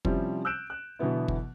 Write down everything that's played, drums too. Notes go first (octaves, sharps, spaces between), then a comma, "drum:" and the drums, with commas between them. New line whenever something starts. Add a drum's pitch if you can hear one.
C3 F3 G3 C4 C#4 E4, drum: kick
E6 F#6 G6 D7 E7
F#6
B2 D3 E3 F#3 B3 E4
drum: kick